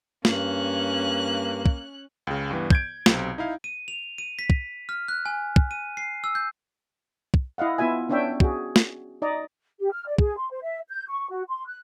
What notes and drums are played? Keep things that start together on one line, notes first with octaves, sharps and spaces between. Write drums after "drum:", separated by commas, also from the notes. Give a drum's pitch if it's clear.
G2 A#3 C#4 F#6, drum: snare
drum: kick
C#2 C#3
G2 E3 B3
G6 G#6 D7, drum: kick
B1 C3 C4, drum: snare
D#4 E4 F5
D#7
F7
D#7
B6
drum: kick
F6
F#6
G#5
drum: kick
D#7
C7
E6
G6
drum: kick
E4 D#5 F5 F#5
B3 E4 F4 E5 G#5
B3 C#4 D4 C#5 E5 G5
F#4 G#4, drum: kick
drum: snare
D#4 D5 D#5 A#5
G4
F6
D5
G#4, drum: kick
C6
C5
E5
G6
C#6
F#4
C6
F#6